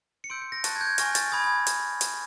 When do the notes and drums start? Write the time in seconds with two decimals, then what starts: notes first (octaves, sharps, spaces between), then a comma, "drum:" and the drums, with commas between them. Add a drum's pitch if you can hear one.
0.24 C#7
0.30 C6 E6 G6 D7
0.42 C#7
0.52 A#6
0.64 A5 C#6 F#6 A6, drum: hi-hat
0.76 G#6
0.81 G6
0.87 G#6
0.98 G#5 C#6 F6 A#6, drum: hi-hat
1.15 A6, drum: hi-hat
1.32 G#5 B5 D#6 G#6
1.44 G#6
1.67 drum: hi-hat
2.01 drum: hi-hat